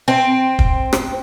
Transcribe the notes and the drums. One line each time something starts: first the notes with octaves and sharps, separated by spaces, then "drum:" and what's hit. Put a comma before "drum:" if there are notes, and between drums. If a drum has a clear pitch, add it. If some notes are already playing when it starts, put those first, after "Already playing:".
C4
drum: kick
drum: rim click